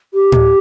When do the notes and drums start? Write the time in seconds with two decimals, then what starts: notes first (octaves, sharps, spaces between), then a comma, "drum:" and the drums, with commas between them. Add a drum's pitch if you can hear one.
0.14 G4
0.32 drum: tom A2